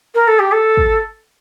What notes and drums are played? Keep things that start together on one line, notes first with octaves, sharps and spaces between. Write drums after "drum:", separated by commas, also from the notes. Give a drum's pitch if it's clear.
A#4
A4
G4
A4
drum: kick